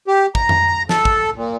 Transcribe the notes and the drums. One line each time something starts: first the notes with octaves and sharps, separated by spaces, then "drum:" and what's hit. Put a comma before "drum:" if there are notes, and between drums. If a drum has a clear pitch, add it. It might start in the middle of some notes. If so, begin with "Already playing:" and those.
G4
A#5, drum: kick
drum: tom F2
A4, drum: snare
drum: kick
A#2